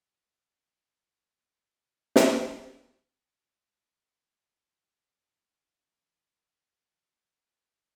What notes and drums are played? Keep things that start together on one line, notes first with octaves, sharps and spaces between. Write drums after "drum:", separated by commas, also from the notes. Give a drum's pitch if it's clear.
D5 D#5 G5 A#5
drum: snare
F6
F#2
D4
E3
F4 F#4 A#4 D5 E5 F#5